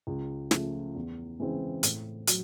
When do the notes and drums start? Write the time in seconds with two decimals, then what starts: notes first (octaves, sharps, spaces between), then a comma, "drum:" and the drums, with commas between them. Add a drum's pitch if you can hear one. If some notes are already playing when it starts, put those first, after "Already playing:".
0.07 C#2
0.51 C#3 F3 A3, drum: snare
0.95 E2
1.40 C#3 E3 G#3 C4
1.83 A2, drum: hi-hat
2.27 F#3, drum: hi-hat